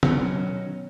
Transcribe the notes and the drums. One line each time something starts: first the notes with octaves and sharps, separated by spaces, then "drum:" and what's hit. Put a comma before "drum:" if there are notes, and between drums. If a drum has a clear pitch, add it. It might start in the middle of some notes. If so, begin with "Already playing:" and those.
B2 D#3 F#3 C#4, drum: tom